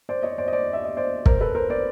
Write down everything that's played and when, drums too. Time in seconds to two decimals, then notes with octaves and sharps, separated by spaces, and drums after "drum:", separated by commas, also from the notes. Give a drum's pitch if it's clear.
0.09 C5 D5
0.23 C#5 D#5
0.38 C5 D5
0.48 D#5
0.53 C5 D5
0.73 E5
0.84 D#5
0.97 C5 D5
1.26 A#4 C5, drum: kick
1.41 A4 B4
1.55 A#4 C5
1.70 C5 D5